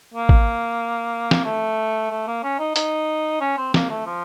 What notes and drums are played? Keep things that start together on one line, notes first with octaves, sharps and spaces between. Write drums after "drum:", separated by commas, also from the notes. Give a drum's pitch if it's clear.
A#3
drum: kick
drum: snare
A3
A3
A#3
C#4
D#4
D#4, drum: hi-hat
C#4
C4
A#3, drum: snare
A3
F3